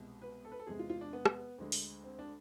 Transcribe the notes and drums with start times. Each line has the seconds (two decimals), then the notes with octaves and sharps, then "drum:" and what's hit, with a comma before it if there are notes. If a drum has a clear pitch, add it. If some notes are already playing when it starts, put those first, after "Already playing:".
Already playing: C2 B2 G#3
0.22 B4
0.45 A4
0.51 B4
0.59 A4
0.67 E2 C3 G#3 G#4
0.79 F4
0.90 F4
1.01 D4
1.13 B3
1.25 drum: rim click
1.58 D2 D3 G#3
1.72 drum: open hi-hat
2.04 C4
2.19 D4